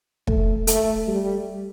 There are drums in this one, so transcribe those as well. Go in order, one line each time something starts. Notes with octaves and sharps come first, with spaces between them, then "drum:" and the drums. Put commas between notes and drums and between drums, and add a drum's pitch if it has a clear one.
A3, drum: kick
A3, drum: hi-hat
G3